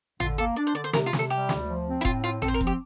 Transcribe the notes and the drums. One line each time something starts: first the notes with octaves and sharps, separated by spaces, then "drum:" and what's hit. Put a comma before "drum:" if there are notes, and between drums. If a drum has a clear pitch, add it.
D3 F4, drum: tom G#1
A#3 A4
D4 D5
C5
D3 D5
C5
C3 A#4, drum: snare
F4
C3, drum: snare
A4
G3 G4
D2, drum: snare
F3
C4
E4
A2 F4, drum: kick F1
C4 F4
C4 A4, drum: tom G#1
C5
A#4
F3, drum: kick F1
G4